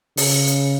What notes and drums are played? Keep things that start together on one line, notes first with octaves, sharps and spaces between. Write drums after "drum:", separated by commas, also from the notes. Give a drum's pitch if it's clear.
C#3, drum: open hi-hat
drum: hi-hat